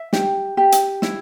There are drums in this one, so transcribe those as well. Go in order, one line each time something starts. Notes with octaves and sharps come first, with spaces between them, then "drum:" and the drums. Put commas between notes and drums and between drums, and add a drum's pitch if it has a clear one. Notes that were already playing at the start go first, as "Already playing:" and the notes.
Already playing: E5
G4, drum: snare
G4
drum: hi-hat
E4, drum: snare